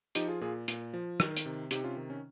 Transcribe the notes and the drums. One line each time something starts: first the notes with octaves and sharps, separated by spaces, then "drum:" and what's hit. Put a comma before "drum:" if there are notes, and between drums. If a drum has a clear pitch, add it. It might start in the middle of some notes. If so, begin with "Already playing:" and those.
F3 D#4 G4, drum: hi-hat
F4 G#4
A#2 F4 G#4
A#2, drum: hi-hat
F3
D#3, drum: rim click
drum: hi-hat
C3
C3 D#4 G4, drum: hi-hat
C#4 F4
D#3
C#4